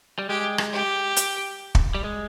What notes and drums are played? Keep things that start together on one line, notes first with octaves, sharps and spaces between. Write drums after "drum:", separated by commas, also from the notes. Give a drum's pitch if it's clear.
G3
G#3 G4
drum: rim click
G4
drum: hi-hat
drum: kick
G3
G#3